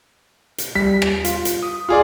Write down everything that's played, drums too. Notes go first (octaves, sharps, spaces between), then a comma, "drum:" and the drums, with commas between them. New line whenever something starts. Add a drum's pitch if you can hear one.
drum: hi-hat
G3 B6
drum: rim click
F4, drum: hi-hat
drum: hi-hat
D#6
F4 G#4 D5